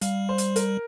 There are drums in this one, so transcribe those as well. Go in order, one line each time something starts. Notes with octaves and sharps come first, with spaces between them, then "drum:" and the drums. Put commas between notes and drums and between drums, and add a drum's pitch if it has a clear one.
G3 F5, drum: hi-hat
C5
drum: hi-hat
A#4, drum: hi-hat